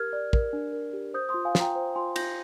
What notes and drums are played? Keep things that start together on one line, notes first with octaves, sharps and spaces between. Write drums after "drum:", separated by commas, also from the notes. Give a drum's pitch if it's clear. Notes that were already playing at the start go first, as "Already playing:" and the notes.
Already playing: G4 A#4 F6 G#6
D5
A#4, drum: kick
D4
A#4
G4
C5 D#6 G6
C6 D#6
F4
F5 G#5
F4, drum: snare
G5 A#5
C5
F4 G#5 C6
F4 G6 A#6, drum: cymbal